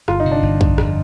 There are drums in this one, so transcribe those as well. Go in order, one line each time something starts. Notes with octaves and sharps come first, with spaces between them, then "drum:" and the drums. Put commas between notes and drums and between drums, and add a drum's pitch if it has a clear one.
G1 F4, drum: rim click
D#4
C3
D4
G1
F2, drum: kick
G1, drum: rim click